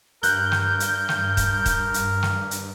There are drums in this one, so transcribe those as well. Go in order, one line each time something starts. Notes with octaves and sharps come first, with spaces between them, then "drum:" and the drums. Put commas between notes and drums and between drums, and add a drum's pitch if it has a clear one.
G2 A#4 F#6 G6, drum: hi-hat
drum: snare
drum: hi-hat
drum: snare
drum: kick D#1, hi-hat
drum: kick D#1, hi-hat
drum: hi-hat
drum: snare
drum: hi-hat